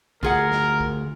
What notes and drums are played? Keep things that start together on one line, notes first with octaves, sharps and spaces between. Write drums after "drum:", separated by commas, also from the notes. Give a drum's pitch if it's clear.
D2 F4 G#4 A#4 F#5, drum: kick
drum: snare
drum: kick